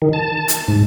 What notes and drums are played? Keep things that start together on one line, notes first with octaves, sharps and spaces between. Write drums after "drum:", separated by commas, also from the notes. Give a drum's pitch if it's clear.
D#3
A5
drum: hi-hat
G#2